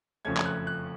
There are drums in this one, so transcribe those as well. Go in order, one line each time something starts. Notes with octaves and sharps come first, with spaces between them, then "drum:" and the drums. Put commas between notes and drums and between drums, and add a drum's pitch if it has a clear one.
F#1 F2 F3 A3 C#4 G#6
G#6, drum: clap
F#6
F#6